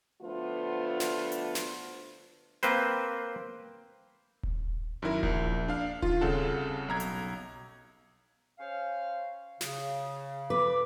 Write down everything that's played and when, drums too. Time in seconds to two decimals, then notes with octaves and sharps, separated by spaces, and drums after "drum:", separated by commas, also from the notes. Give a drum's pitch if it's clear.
0.22 D3 F3 A3 B3 D4 F4
1.00 drum: snare
1.32 drum: hi-hat
1.55 drum: snare
2.63 A#3 C4 B4 C5, drum: hi-hat
4.43 drum: kick D#1
5.02 F#2 D#3 E4 A#4
5.23 A#1, drum: kick D#1
5.68 D4 F5 F6
6.02 D#3 F4, drum: kick D#1
6.21 C2 C#3 A4 F#5 A5
6.88 B1 A#5 G#6
7.00 drum: hi-hat
8.59 C#4 C5 F5
9.61 C#3, drum: snare
10.50 B4 D6